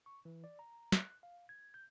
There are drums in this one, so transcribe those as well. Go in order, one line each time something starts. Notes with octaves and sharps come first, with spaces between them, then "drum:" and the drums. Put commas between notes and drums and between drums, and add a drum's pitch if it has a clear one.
C#6
E3
D5
A#5
F#6, drum: snare
F5
G#6
G6